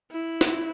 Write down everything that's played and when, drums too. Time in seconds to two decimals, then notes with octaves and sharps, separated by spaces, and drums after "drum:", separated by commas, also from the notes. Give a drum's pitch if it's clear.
0.11 E4
0.41 drum: snare